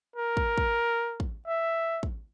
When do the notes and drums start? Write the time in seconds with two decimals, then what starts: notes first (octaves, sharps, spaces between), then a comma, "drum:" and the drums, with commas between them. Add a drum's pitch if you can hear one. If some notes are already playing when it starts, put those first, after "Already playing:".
0.16 A#4
0.37 drum: kick
0.58 drum: kick
1.20 drum: kick
1.47 E5
2.03 drum: kick